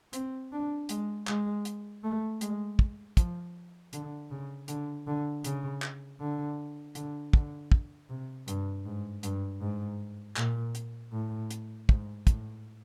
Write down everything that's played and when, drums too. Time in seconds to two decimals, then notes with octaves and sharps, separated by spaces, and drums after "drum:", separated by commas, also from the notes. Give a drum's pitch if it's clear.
0.13 C4, drum: hi-hat
0.52 D4
0.89 G#3, drum: hi-hat
1.27 G#3, drum: clap
1.65 drum: hi-hat
2.04 A3
2.41 G#3, drum: hi-hat
2.79 drum: kick
3.17 F3, drum: kick, hi-hat
3.93 D3, drum: hi-hat
4.31 C#3
4.68 D3, drum: hi-hat
5.07 D3
5.44 C#3, drum: hi-hat
5.82 drum: clap
6.20 D3
6.95 D3, drum: hi-hat
7.33 D3, drum: kick
7.72 drum: kick
8.09 C3
8.48 G2, drum: hi-hat
8.86 G#2
9.23 G2, drum: hi-hat
9.61 G#2
10.36 A#2, drum: clap
10.75 drum: hi-hat
11.13 A2
11.51 drum: hi-hat
11.89 G#2, drum: kick
12.27 A2, drum: kick, hi-hat